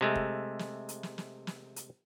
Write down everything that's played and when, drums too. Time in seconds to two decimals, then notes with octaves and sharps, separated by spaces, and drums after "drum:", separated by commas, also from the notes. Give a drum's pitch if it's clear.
0.01 C3 G#3 A3
0.15 drum: kick
0.59 drum: snare
0.89 drum: hi-hat
1.03 drum: snare
1.18 drum: snare
1.47 drum: snare
1.76 drum: hi-hat